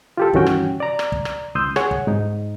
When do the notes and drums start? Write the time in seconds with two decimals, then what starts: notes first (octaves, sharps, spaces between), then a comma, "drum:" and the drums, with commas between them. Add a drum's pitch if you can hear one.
0.17 F4 G4 A4
0.33 G2 D#3 E3 C#4 F#4 G5, drum: kick
0.46 drum: rim click
0.80 D5 A#5
0.99 drum: rim click
1.12 drum: kick
1.25 drum: rim click
1.55 C#2 C6 D#6 E6 G6
1.76 G#4 C#5 F#5, drum: rim click
1.91 drum: kick
2.07 G#2 D#4